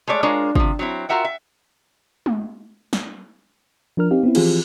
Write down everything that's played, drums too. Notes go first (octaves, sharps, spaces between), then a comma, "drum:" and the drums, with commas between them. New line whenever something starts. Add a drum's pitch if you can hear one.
G#3 A3 C#5 D5
G#3 D4 F4 A#4 C#5
C3 F3, drum: kick
F#3 C4 E4
F4 F#4 A#4 E5 F#5 G5
E5
drum: tom G#3
drum: snare
F3 D4 A#4 F6
C4 D#4 G4 F5
B3 C4 E4
E3 F3 C4 F4 G4 G#4, drum: cymbal